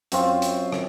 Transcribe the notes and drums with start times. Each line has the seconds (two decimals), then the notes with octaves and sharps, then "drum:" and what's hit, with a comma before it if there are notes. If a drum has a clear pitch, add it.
0.12 F#2 C4 F4, drum: hi-hat
0.42 drum: hi-hat
0.72 drum: rim click